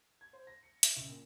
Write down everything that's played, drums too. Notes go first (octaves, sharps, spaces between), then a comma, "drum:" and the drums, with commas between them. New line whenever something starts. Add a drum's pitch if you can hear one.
G#6
C5
A#6
C#7
E5, drum: hi-hat
C#2
A#2